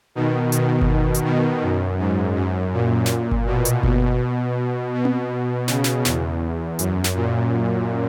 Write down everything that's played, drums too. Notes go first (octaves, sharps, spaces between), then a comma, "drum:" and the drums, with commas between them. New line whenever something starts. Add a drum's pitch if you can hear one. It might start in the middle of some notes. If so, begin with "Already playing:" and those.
B2 D#3
B2 D#3, drum: hi-hat
drum: kick G1
drum: hi-hat
B2 D#3
F#2
G#2
F#2
A#2
drum: snare
drum: kick G1
B2
drum: hi-hat
B2, drum: kick G1
B2
drum: tom C4
C#3, drum: snare
drum: snare
E2, drum: snare
F#2, drum: hi-hat
drum: snare
A#2